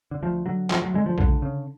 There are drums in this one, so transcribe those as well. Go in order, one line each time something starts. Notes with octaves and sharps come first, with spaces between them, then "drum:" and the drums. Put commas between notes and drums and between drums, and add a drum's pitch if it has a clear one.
D3
D2 F3
D3 F#3
D2 F3, drum: clap
F#3
D3 G#3
F3
C#2 D3, drum: kick A#1
C#3